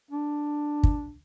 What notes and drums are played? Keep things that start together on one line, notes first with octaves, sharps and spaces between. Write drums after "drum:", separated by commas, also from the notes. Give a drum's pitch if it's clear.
D4
drum: kick